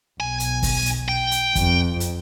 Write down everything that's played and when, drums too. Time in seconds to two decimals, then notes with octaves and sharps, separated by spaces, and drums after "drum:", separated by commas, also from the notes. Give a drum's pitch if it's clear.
0.20 B1 G#5
0.40 drum: hi-hat
0.63 drum: kick, open hi-hat
0.86 drum: hi-hat
1.08 G5
1.31 drum: hi-hat
1.55 F2, drum: kick, hi-hat
2.00 drum: hi-hat